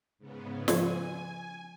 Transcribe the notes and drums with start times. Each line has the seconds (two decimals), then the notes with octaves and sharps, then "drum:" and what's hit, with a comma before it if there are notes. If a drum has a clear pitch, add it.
0.19 G#2 C#3 B3
0.68 F3 G#5, drum: snare